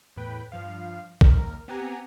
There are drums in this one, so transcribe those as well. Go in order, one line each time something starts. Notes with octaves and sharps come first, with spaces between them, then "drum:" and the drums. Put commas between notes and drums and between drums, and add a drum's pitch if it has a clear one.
E2 A2 B4 G5
G2 F3 F5
D#2 A#4, drum: kick
B3 C4 G4 F#5 G#5 A#5